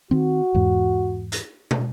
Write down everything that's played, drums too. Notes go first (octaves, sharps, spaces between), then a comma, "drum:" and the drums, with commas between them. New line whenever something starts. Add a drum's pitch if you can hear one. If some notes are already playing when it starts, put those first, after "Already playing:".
D#3 C4 F#4
E2 G#2
drum: hi-hat
drum: tom